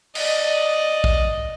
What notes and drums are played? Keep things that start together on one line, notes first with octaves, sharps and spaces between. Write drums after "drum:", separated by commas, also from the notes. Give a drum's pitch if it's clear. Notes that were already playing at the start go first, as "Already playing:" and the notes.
D5 D#5, drum: cymbal
drum: kick